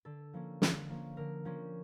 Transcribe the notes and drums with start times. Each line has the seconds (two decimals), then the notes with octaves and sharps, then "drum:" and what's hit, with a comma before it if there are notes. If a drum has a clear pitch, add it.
0.05 D3 A4
0.33 F3 A#3 C#4
0.62 D3, drum: snare
0.89 F3 A#3 C#4
1.17 D3 A#4
1.45 F3 A#3 C#4